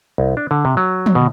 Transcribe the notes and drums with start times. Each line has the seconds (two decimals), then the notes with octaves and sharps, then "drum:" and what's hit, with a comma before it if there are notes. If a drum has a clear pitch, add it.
0.18 C2
0.37 D4
0.51 D3
0.65 C3
0.77 F#3
1.06 drum: tom
1.15 B2